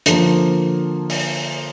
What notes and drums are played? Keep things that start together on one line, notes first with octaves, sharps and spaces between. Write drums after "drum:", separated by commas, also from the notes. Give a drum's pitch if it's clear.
D3 F3 A#3, drum: hi-hat
drum: open hi-hat